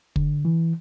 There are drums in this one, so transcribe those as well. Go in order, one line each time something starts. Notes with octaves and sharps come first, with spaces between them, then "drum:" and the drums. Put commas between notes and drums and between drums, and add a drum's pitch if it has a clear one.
D3, drum: kick
E3